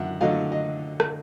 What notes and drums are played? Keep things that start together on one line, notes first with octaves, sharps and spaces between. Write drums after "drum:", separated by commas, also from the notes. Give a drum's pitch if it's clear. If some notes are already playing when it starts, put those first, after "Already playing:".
Already playing: F#2 D3 E5 F#5
D3 F#3 A3 D#5 F5
D#5
drum: rim click